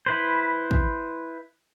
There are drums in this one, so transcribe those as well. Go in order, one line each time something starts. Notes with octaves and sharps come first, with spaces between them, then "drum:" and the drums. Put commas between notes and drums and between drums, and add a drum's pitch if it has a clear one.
E4 B4 C5
drum: kick